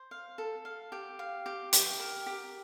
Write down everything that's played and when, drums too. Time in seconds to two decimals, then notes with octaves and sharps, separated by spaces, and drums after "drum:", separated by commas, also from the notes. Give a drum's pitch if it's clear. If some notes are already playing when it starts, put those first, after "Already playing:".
Already playing: C5
0.11 F5
0.38 A4
0.65 F5
0.92 G4
1.19 F5
1.46 G4
1.73 G4, drum: hi-hat
2.00 A#4
2.26 G4